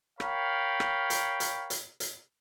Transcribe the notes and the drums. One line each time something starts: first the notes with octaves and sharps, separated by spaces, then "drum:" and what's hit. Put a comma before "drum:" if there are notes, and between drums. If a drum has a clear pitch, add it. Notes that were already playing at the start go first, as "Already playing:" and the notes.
A#4 C#5 F5 G5 B5, drum: rim click
drum: rim click
drum: hi-hat
drum: hi-hat
drum: hi-hat
drum: hi-hat